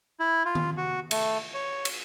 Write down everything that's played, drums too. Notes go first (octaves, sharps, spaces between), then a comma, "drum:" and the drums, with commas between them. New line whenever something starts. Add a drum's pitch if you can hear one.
E4
F4
drum: tom D#3
F#4
A3, drum: cymbal
C#5
drum: cymbal